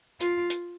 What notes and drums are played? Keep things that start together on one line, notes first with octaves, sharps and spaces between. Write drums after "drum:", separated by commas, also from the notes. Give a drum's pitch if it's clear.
F4, drum: hi-hat
drum: hi-hat